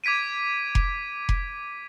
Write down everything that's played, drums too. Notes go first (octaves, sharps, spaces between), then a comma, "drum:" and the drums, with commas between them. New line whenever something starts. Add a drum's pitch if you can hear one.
D6 G#6 B6 D7 D#7
drum: kick F1
drum: kick F1